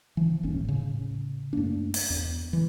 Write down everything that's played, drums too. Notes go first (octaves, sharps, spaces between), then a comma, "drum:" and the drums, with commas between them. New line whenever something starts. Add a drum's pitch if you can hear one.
E3 F3
D#1 G#1 D#2 C#4
A2 C#3
F#2 A3 A#3 D4
drum: open hi-hat
E2
E3